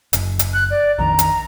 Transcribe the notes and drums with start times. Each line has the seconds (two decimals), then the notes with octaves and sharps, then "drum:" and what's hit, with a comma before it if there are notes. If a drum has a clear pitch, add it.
0.13 F#1, drum: hi-hat
0.39 drum: hi-hat
0.53 F#6
0.71 D5
0.99 A#1 F2 D#3 A#5
1.19 drum: hi-hat